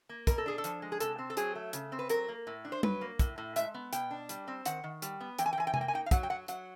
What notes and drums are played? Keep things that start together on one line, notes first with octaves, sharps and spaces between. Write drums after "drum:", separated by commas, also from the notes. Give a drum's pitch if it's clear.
A#3
B2 A#4, drum: kick, hi-hat
A4
D4 G#4
A4
F3, drum: hi-hat
G#3
G#4
C3 A4, drum: hi-hat
C4
A4
F#3 G#4, drum: hi-hat
A3
C#3, drum: hi-hat
C4
B4
F#3 A#4, drum: hi-hat
A#3
A2
D4
C5
F#3 B4, drum: tom G3
A#3
A2, drum: kick, hi-hat
A2
G#3 E5, drum: hi-hat
B3
B2 G5, drum: hi-hat
D4
G3, drum: hi-hat
C4
D#3 F#5, drum: hi-hat
D#3
G3, drum: hi-hat
B3
E3 G5, drum: hi-hat
G#5
G5
E3 G#5
G5
A#3 G#5, drum: tom C3
G5
G#5
D#4 G5
F5
F#3 F#5, drum: kick, hi-hat
G5
F#3 F#5
F#3 F#5, drum: hi-hat